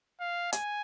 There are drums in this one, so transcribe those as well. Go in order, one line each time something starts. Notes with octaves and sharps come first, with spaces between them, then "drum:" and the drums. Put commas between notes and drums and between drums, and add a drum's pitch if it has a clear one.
F5
G#5, drum: hi-hat